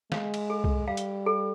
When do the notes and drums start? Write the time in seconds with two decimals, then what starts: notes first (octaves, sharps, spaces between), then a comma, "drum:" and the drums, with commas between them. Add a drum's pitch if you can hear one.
0.12 G#3 F5, drum: snare
0.34 drum: cymbal
0.50 A4
0.64 drum: kick C2
0.88 G3 F5
0.97 drum: hi-hat
1.26 A4